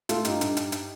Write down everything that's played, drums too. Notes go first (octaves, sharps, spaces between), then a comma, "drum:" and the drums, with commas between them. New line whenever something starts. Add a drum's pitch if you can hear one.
A3 F4 A4, drum: hi-hat
G2 D#4 G4, drum: hi-hat
G2, drum: hi-hat
G2, drum: hi-hat
drum: hi-hat